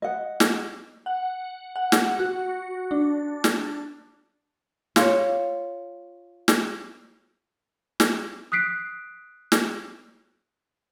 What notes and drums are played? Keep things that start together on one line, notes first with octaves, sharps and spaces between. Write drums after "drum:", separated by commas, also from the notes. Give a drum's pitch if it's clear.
D#5 F#5
drum: snare
F#5
F#5
drum: snare
F#4
D4
drum: snare
F4 C#5, drum: snare
drum: snare
drum: snare
D#6 F#6 B6 C7 D7
drum: snare